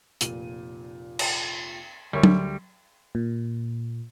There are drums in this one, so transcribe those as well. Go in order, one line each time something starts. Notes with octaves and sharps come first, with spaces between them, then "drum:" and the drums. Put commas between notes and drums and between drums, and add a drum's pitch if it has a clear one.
F1 A#2 D#7, drum: hi-hat
drum: cymbal
D2 G3 A#4 C#5
drum: tom F#3
A#2